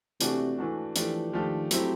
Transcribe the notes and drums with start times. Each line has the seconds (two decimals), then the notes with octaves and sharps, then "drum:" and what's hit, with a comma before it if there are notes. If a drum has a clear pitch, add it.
0.21 C3 E3 A3 D4 F#4, drum: hi-hat
0.58 E3 A3 D4 F#4
0.96 E3 F3 A3 D4 G4, drum: hi-hat
1.33 D#3 F3 A3 D4 G4
1.71 F#3 A3 C4 E4 G4, drum: hi-hat